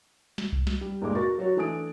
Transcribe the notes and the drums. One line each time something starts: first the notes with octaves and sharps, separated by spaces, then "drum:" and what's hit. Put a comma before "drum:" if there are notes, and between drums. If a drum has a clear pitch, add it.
drum: snare
drum: kick C2
drum: snare
G3
F1 A#2 G#3 D6
F#4 A#4 C#6 A6
F#3 F#4 C#5
E3 A3 D4 G#5 D#6 D7